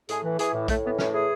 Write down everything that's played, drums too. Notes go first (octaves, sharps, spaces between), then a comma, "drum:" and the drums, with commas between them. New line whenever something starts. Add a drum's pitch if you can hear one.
A2 G#4, drum: hi-hat
E3
E3 G#4, drum: hi-hat
A2
A2 A3, drum: kick A#1, hi-hat
E3 B3
A2 C#4, drum: snare
E3 G#4